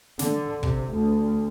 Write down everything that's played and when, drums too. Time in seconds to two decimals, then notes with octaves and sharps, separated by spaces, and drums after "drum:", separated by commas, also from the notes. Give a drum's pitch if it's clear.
0.19 D3, drum: snare
0.63 C3, drum: kick
0.93 D2